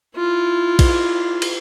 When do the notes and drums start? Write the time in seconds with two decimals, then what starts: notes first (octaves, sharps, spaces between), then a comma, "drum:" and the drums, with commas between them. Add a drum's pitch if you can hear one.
0.16 E4 F4
0.79 drum: kick, cymbal
1.42 drum: cymbal